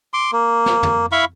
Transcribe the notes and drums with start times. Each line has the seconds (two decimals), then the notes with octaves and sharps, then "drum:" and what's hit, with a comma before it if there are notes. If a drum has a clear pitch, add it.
0.14 C6 D6
0.32 A#3
0.66 drum: snare
0.83 drum: tom
1.12 E4 F5 B5 C#6